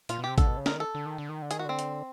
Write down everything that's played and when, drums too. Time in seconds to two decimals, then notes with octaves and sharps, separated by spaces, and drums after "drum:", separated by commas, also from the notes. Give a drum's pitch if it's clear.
0.09 A#2 F4, drum: hi-hat
0.19 B2
0.24 C3 G4
0.38 D3 A4, drum: kick G#1, hi-hat
0.47 B2
0.57 C#3
0.66 D3 A#4, drum: snare
0.76 D#3
0.80 A4
0.95 D3
1.06 D#3
1.18 D3
1.29 D#3
1.42 D3
1.51 D#3 G#4, drum: hi-hat
1.59 F#4
1.65 D3 C4
1.79 drum: hi-hat